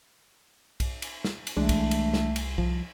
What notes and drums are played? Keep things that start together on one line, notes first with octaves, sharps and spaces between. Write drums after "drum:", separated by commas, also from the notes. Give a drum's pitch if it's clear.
drum: kick B1, cymbal
drum: cymbal
drum: snare
drum: cymbal
C2 E3 G#3 A3 D4
drum: kick B1, cymbal
drum: cymbal
drum: snare
drum: cymbal
F3, drum: kick B1